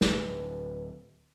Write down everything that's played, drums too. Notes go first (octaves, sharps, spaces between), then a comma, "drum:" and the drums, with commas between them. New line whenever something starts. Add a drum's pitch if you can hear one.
D1 G#1 B4, drum: snare